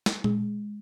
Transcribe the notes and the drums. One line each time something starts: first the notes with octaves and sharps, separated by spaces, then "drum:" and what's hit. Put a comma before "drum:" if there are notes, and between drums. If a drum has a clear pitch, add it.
drum: snare
G#3, drum: tom A#2